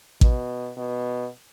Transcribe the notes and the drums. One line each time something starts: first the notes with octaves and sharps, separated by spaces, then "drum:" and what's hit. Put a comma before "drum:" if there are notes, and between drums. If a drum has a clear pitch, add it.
B2, drum: kick A1
B2